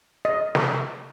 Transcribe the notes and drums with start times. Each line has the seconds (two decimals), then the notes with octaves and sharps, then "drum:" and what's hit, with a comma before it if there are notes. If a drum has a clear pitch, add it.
0.25 D#5
0.55 drum: snare